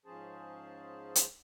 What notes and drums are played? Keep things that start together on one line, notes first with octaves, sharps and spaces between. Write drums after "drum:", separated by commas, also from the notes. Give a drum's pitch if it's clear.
G#2 F3 C#4 G#4 C5 A5
drum: hi-hat